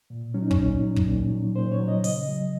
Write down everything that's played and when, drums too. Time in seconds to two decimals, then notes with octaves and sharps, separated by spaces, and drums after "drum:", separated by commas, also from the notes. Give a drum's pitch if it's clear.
0.10 A#2
0.34 F#3 C#4
0.42 D#4
0.51 C#4, drum: kick
0.58 A#2
0.83 F#3
0.96 drum: kick
1.07 A#2
1.31 F#3
1.56 A#2 C5
1.72 C#5
1.80 F#3
1.88 D#5
2.04 C#3 D#5, drum: open hi-hat
2.28 F#3